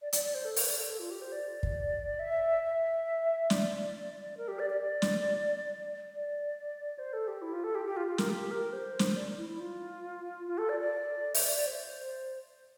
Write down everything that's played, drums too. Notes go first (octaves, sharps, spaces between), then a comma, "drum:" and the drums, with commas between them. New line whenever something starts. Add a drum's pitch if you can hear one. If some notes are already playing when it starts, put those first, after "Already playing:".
D5
D5, drum: hi-hat
D5
C5
A4
A#4, drum: open hi-hat
D5
A4
A4
F4
G4
C5
D5
drum: kick
E5
E5
D5, drum: snare
A#4
G4
D5
D5
D5
drum: snare
D5
C5
A4
G4
E4
F4
A4
G4
G4
F4
F4
A#4, drum: snare
G4
A#4
C5
drum: snare
D5
E4
E4
F4
F4
A4
D5
D5
E5, drum: open hi-hat
D5
D5
C5